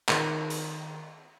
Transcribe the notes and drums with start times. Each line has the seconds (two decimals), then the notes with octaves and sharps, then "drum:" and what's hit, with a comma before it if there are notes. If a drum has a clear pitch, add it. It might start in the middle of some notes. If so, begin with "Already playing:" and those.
0.09 D#3, drum: clap
0.50 drum: hi-hat